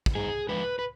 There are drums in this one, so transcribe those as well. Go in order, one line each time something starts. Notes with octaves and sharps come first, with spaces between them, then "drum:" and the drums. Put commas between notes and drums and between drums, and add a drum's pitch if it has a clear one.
drum: kick
G2 G#4
F3 G#3 B4
B4